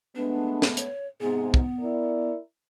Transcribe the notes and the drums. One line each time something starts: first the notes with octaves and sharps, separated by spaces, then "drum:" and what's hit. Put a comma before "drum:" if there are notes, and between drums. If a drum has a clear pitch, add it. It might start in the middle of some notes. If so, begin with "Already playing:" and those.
G#3 A3 B3 D4
drum: snare
C#5, drum: hi-hat
G#2 C3 B3 G#4
drum: kick
E4 A#4 D5